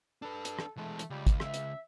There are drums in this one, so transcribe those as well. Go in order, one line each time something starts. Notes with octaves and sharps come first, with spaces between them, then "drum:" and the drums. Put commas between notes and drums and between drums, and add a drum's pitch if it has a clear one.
D4 A4 B4
drum: hi-hat
drum: rim click
E3 G#3 A3
drum: hi-hat
C#2 G3
drum: kick, hi-hat
E5, drum: rim click
drum: hi-hat